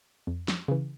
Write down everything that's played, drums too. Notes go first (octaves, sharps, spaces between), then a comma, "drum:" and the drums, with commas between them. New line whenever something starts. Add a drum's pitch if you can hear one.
F2
drum: snare
C#3 E3